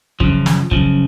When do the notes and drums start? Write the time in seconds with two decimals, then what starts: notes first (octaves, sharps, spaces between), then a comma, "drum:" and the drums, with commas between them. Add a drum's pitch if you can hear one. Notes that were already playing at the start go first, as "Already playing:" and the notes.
0.20 F#2 C#3 F3, drum: kick
0.46 drum: snare
0.71 F#2 C#3 F3, drum: kick